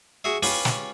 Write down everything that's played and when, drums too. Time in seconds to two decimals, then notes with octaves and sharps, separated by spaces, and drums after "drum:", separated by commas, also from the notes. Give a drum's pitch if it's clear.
0.24 F#4 G#4 E5
0.43 C#4 F4 G4 B4 G#5 B5, drum: open hi-hat
0.65 drum: snare